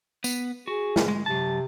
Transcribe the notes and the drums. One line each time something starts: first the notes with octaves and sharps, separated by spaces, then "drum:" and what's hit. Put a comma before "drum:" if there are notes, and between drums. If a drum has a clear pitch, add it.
B3, drum: tambourine
F#4 G#4
drum: snare
G#3
F#2 C3 A5